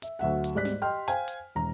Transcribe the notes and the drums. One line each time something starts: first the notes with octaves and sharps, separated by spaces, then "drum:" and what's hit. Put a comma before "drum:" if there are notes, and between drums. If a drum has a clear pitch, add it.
E5, drum: hi-hat
D2 F#3 E5 F#5
drum: hi-hat
G#2 G3 D5 F#6 B6
drum: snare
G4 D#5 G5 C6 F6
C5 F5 G5 G#5, drum: hi-hat
drum: hi-hat
E1 A#5